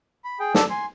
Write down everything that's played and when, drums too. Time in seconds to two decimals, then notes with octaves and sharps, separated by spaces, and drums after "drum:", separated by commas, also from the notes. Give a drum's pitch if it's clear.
0.24 B5
0.40 G#4 G5
0.55 A4 D5 A5, drum: snare
0.70 G#5 C6